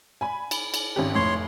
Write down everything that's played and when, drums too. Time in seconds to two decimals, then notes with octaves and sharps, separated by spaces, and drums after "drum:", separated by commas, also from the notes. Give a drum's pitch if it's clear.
0.21 G#5 B5
0.51 drum: cymbal
0.74 drum: cymbal
0.96 G#1 C#4 G4
1.15 F1 A2 C#5 C6